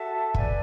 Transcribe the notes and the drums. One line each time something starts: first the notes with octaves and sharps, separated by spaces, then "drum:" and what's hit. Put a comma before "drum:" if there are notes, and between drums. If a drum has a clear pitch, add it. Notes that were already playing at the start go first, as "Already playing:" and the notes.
Already playing: F#4 A4 E5 A5
B4 D5 G#5, drum: kick